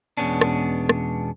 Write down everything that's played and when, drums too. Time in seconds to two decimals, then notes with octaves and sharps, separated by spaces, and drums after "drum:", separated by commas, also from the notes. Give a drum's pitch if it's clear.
0.17 E2 B2 G#3 B3 C#4 D4
0.41 drum: rim click
0.89 drum: rim click